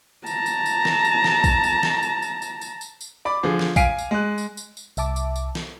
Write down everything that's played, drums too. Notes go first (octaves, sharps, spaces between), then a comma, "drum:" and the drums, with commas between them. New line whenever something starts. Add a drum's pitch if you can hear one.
A5 A#5, drum: tambourine
drum: tambourine
drum: tambourine
drum: snare
drum: tambourine
drum: snare
drum: kick A#1, tambourine
drum: tambourine
drum: snare
drum: tambourine
drum: tambourine
drum: tambourine
drum: tambourine
drum: tambourine
drum: tambourine
D5 B5 D6
D3 F3 G#4
drum: snare
F5 G#5 B6 C7 D7 D#7, drum: kick A#1, tambourine
drum: tambourine
G#3 F#6
drum: tambourine
drum: tambourine
drum: tambourine
C2 E5 A5 D6, drum: tambourine
drum: tambourine
drum: tambourine
drum: snare